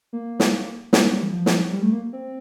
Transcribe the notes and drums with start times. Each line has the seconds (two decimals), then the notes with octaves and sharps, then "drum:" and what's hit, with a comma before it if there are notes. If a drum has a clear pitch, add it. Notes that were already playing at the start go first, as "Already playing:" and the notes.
0.13 A#3
0.40 drum: snare
0.93 C4, drum: snare
1.03 A#3
1.13 G3
1.22 E3
1.33 F3
1.46 drum: snare
1.73 G3
1.83 A3
1.92 A#3
2.13 C4